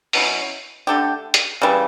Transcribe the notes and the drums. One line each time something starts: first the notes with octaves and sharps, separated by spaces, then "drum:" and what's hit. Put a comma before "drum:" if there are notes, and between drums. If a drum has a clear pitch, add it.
B2 F#3 C#4 E4, drum: open hi-hat
D3 A3 D4 G4
drum: hi-hat
C#3 E3 G3